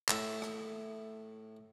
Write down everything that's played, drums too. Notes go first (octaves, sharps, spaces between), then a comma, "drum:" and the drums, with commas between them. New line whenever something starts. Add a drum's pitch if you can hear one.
A2 E5, drum: clap
drum: rim click